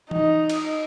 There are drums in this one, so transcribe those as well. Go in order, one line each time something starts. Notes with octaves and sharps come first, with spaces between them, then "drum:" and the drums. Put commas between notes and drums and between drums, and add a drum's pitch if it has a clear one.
D#4, drum: tom E3
drum: cymbal